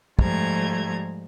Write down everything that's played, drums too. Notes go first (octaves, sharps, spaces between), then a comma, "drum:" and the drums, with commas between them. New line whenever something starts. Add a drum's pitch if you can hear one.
G#2 F3 G3 A3 A#5 G#6, drum: kick